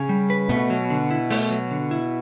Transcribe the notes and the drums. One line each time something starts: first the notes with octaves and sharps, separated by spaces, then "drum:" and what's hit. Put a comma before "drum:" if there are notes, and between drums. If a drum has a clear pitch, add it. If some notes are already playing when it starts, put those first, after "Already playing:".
Already playing: C#3 C#4
G3
B4
B2 A3, drum: hi-hat
F#3
D3
E4
A3, drum: open hi-hat
F#3
D3
E4